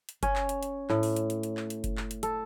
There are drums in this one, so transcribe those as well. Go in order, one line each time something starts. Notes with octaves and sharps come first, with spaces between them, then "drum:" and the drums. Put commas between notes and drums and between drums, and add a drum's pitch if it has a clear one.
drum: hi-hat
C#4, drum: kick F#1, hi-hat
drum: clap
drum: hi-hat
drum: hi-hat
A2, drum: clap
drum: open hi-hat
drum: hi-hat
drum: hi-hat
drum: hi-hat
drum: clap
drum: hi-hat
drum: kick F#1, hi-hat
drum: clap
drum: hi-hat
A4, drum: hi-hat